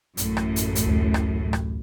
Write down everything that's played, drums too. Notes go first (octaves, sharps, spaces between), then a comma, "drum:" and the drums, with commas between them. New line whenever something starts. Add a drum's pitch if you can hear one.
A1 F#2 A2, drum: hi-hat
drum: rim click
drum: hi-hat
drum: hi-hat
D2
drum: rim click
drum: rim click